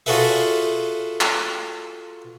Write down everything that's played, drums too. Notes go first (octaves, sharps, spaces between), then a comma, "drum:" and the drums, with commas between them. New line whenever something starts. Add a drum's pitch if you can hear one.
F4 F#4 G#4 A4 B4 E5, drum: open hi-hat
drum: clap